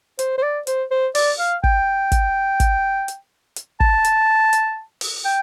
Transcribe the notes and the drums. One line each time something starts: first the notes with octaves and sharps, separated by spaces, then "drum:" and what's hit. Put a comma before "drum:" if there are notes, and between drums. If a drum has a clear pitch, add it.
C5, drum: hi-hat
C5
D5
C5, drum: hi-hat
C5
D5, drum: open hi-hat
F5
G5, drum: kick
drum: kick, hi-hat
drum: kick, hi-hat
drum: hi-hat
drum: hi-hat
A5, drum: kick
drum: hi-hat
drum: hi-hat
drum: open hi-hat
G5